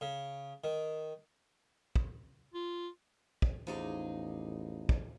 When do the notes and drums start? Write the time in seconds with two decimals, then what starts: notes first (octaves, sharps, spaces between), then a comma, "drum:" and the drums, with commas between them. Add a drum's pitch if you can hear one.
0.01 C#3
0.64 D#3
1.96 drum: kick
2.54 F4
3.42 drum: kick
3.67 A1 E2 F3 D#4 G#4 E5 D6
4.89 drum: kick